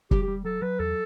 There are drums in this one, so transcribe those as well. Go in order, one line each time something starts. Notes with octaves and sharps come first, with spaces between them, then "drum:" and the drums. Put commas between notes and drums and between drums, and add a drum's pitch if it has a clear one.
G3 G4, drum: kick
G4
G3
F#3 A4
F#3 B4
E2 A4